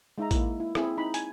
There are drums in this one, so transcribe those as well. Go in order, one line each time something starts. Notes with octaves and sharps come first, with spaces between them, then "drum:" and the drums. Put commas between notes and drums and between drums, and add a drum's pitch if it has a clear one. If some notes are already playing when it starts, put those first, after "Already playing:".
G#3 D#4 E5 A#5
A#3 E4, drum: kick, hi-hat
E4
C4 E4 G#4, drum: rim click
D#4 B5
G#5, drum: hi-hat